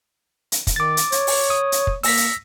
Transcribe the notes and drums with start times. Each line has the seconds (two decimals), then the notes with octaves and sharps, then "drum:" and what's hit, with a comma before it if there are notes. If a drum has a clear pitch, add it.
0.52 drum: hi-hat
0.67 drum: kick, hi-hat
0.76 D#3 D6 A6
0.97 drum: hi-hat
1.12 C#5, drum: hi-hat
1.27 drum: open hi-hat
1.50 D#6
1.72 drum: hi-hat
1.87 drum: kick
2.03 A#3 E6 A#6 B6, drum: open hi-hat
2.17 drum: hi-hat